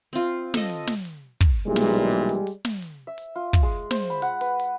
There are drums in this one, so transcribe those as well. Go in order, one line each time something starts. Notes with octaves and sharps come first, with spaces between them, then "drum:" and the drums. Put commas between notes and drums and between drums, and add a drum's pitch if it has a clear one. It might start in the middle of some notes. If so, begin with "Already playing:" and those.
C4 F4
A4 D#5, drum: snare
drum: hi-hat
drum: snare
drum: hi-hat
drum: kick, hi-hat
B1 A#2 E3 G3 G#3
drum: snare
drum: hi-hat
drum: hi-hat
drum: hi-hat
drum: hi-hat
drum: snare
drum: hi-hat
E5
drum: hi-hat
F4
drum: kick, hi-hat
G#3
C5, drum: snare
B5
F#5, drum: hi-hat
B4, drum: hi-hat
drum: hi-hat